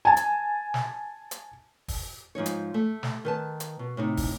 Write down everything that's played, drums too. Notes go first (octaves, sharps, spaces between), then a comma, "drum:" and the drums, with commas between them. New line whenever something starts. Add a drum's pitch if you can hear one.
G#5 A5
drum: hi-hat
drum: snare
drum: hi-hat
drum: kick, open hi-hat
G#2 F3 D#4 C#5
drum: hi-hat
A3
drum: snare
D#3 B4 A5
drum: hi-hat
B2
A2 C3 D#4
drum: kick, open hi-hat